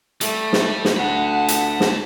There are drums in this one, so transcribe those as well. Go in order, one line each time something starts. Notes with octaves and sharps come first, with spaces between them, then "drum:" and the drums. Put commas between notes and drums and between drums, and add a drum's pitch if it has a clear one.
G3 A3, drum: hi-hat
drum: snare
drum: snare
D2 F#5 A5 B5
drum: hi-hat
drum: snare